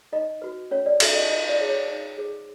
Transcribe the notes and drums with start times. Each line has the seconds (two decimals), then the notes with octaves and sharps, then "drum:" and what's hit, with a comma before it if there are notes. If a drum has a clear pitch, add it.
0.12 D#4 D#5
0.42 F#4 B4
0.71 C#4 C#5
0.86 D5
1.00 F#4 A4 E5, drum: cymbal
1.16 D#5
1.29 F4 D#5
1.49 D5
1.59 C#5
1.61 G#4
1.69 C#5
1.88 D#4 C#5
2.17 G#4 C5